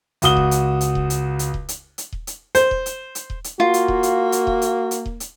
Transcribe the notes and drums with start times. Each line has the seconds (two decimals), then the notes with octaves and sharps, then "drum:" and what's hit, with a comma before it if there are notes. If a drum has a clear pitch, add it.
0.22 C#2 F#4 D#6 G7, drum: hi-hat
0.37 drum: kick D#1
0.51 drum: hi-hat
0.81 drum: hi-hat
0.95 drum: kick D#1
1.10 drum: hi-hat
1.39 drum: hi-hat
1.54 drum: kick D#1
1.69 drum: hi-hat
1.98 drum: hi-hat
2.12 drum: kick D#1
2.27 drum: hi-hat
2.55 C5, drum: hi-hat
2.71 drum: kick D#1
2.86 drum: hi-hat
3.15 drum: hi-hat
3.30 drum: kick D#1
3.44 drum: hi-hat
3.60 A#3 F4 F#4
3.74 drum: hi-hat
3.88 drum: kick D#1
4.03 drum: hi-hat
4.32 drum: hi-hat
4.47 drum: kick D#1
4.62 drum: hi-hat
4.91 drum: hi-hat
5.06 drum: kick D#1
5.20 drum: hi-hat